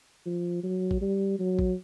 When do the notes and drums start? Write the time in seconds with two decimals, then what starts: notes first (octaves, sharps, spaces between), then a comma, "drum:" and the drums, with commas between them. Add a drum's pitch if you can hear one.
0.25 F3
0.63 F#3
0.91 drum: kick A1
1.01 G3
1.39 F#3
1.59 drum: kick A1